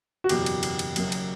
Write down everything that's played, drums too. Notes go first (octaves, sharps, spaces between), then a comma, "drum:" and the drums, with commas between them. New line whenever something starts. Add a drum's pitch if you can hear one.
F#4
F#1 E2 B2 F#3 G4, drum: cymbal
drum: cymbal
drum: cymbal
drum: cymbal
F#1 F#2 F#3, drum: cymbal
drum: cymbal